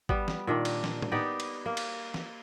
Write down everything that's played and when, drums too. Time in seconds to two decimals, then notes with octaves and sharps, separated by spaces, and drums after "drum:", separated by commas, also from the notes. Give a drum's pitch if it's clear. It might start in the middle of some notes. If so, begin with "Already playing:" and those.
0.09 G3 B3, drum: kick G#1
0.28 drum: snare
0.47 A#2 D#3 D4
0.65 drum: cymbal
0.84 drum: snare
1.02 drum: tom A2
1.12 B3 D#4 G4 D5
1.40 drum: cymbal
1.66 A#3
1.77 drum: cymbal
2.14 drum: snare